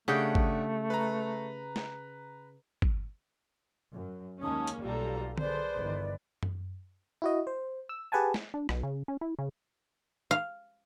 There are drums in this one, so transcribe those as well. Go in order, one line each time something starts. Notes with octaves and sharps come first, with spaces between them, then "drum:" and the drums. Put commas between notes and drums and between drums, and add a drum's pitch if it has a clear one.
C#3 A3 D4 G4 F#5 G5 D#6
drum: kick
B4 A#5
drum: snare
drum: kick
F#2
D#2 G#3 A#3 C#4 D#4 A5 D#6
drum: hi-hat
B1 G3 F4 A4 A#5
G#4 A4 B4 C5 D5, drum: tom D3
G1 D#3 E3
drum: tom F#2
E4 F#4 D#5
C5
E6
G4 G#4 B4 F#5 G#5 A5
drum: snare
D4
B1, drum: rim click
C#3
C#4
E4
C#3
F5